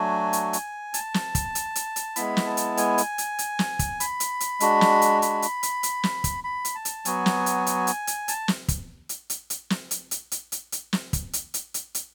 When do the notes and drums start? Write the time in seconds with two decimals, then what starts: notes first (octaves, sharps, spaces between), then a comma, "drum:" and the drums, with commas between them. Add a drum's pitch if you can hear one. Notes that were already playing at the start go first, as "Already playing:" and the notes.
Already playing: F#3 A3 D4 F#4 G#5
0.33 drum: hi-hat
0.53 drum: hi-hat
0.94 A5, drum: hi-hat
1.14 drum: snare
1.35 drum: kick, hi-hat
1.55 drum: hi-hat
1.75 drum: hi-hat
1.96 drum: hi-hat
2.16 G#3 B3 E4 B5, drum: hi-hat
2.37 drum: snare
2.46 A5
2.57 drum: hi-hat
2.77 G#5, drum: hi-hat
2.98 drum: hi-hat
3.18 drum: hi-hat
3.39 drum: hi-hat
3.59 drum: snare
3.79 drum: kick, hi-hat
4.00 B5, drum: hi-hat
4.20 drum: hi-hat
4.40 drum: hi-hat
4.60 G#3 D4 F#4, drum: hi-hat
4.81 drum: snare
5.02 drum: hi-hat
5.22 B5, drum: hi-hat
5.42 drum: hi-hat
5.63 drum: hi-hat
5.83 drum: hi-hat
6.03 drum: snare
6.24 drum: kick, hi-hat
6.44 B5
6.65 drum: hi-hat
6.75 A5
6.85 drum: hi-hat
7.05 F#3 B3 F#4 G#5, drum: hi-hat
7.26 drum: snare
7.46 drum: hi-hat
7.67 drum: hi-hat
7.87 drum: hi-hat
8.07 drum: hi-hat
8.28 A5, drum: hi-hat
8.48 drum: snare
8.68 drum: kick, hi-hat
9.09 drum: hi-hat
9.30 drum: hi-hat
9.50 drum: hi-hat
9.70 drum: snare
9.91 drum: hi-hat
10.11 drum: hi-hat
10.31 drum: hi-hat
10.52 drum: hi-hat
10.72 drum: hi-hat
10.93 drum: snare
11.13 drum: kick, hi-hat
11.33 drum: hi-hat
11.54 drum: hi-hat
11.74 drum: hi-hat
11.95 drum: hi-hat